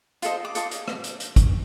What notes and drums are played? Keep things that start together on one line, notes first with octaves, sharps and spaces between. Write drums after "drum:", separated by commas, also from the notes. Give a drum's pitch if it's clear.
F4 A4 C5 D#5, drum: hi-hat
D6
F4 A4 D#6, drum: hi-hat
drum: hi-hat
drum: rim click
drum: hi-hat
drum: hi-hat
drum: kick, hi-hat